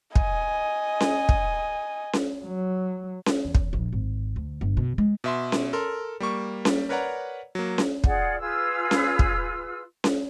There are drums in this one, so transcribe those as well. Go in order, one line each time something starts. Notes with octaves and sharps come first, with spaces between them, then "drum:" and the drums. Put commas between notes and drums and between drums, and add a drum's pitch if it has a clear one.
D#5 G#5, drum: kick
drum: snare C#4
drum: kick
drum: snare C#4
F#3
drum: snare C#4
E2
drum: kick
A#1
G#1
D2
G1
B2
G#3
B2 E5 C6
drum: snare C#4
A4 A#4 C6
G3 A#3 C#6
drum: snare C#4
A#4 B4 C#5 D5 F#5 A#5
F#3 A#3
drum: snare C#4
F4 G#4 D5 F#5, drum: kick
F4 G#4 B4 E6
drum: snare C#4
drum: kick
drum: snare C#4